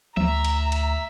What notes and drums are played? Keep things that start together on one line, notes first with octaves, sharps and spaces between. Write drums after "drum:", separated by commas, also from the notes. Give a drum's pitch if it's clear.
D2 E5 A#5, drum: tom E3
drum: cymbal
drum: cymbal